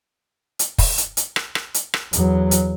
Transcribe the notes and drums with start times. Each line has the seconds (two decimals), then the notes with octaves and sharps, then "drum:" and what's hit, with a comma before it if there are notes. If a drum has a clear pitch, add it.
0.59 drum: hi-hat
0.78 drum: kick, open hi-hat
0.98 drum: hi-hat
1.17 drum: hi-hat
1.36 drum: rim click
1.55 drum: rim click
1.74 drum: hi-hat
1.94 drum: rim click
2.13 E2 F#3, drum: hi-hat
2.51 drum: hi-hat